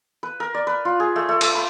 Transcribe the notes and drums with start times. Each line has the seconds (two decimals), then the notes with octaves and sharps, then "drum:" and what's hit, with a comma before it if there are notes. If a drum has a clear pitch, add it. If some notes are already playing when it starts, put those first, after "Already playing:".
0.23 B4
0.40 A#4
0.54 D5
0.67 B4
0.85 F4
1.00 G#4
1.16 A3
1.29 A3
1.41 A4, drum: cymbal
1.55 B5